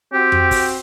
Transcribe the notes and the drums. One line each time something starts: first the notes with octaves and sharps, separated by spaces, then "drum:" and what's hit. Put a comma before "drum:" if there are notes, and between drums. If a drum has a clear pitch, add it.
C4 F#4 G4
drum: tom F2
drum: kick, open hi-hat